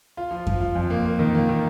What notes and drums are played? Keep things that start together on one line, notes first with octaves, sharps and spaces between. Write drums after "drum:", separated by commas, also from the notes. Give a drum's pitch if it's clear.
F4
F3
F3, drum: kick F#2
F4
F2
A#3
A#3
D#3
A#3
D#3